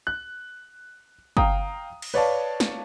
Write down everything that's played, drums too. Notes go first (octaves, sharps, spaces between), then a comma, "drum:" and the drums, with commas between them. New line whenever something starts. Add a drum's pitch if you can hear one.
F#6
F5 G5 A#5 D#6, drum: kick G1
drum: cymbal
B4 C#5 D5 F5 A5
drum: snare